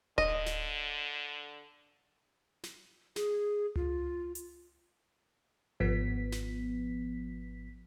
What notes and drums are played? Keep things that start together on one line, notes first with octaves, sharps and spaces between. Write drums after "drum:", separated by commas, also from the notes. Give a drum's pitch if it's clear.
D3 D#5, drum: kick D1
drum: snare
drum: snare
G#4, drum: snare
F4, drum: tom C#2
drum: hi-hat
G#1 F3 B3 B6
drum: snare